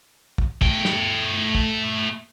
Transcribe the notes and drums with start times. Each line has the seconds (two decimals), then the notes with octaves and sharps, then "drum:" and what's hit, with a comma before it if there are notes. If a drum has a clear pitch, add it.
0.38 drum: kick
0.62 A3 G5, drum: kick
0.85 drum: snare
1.55 drum: kick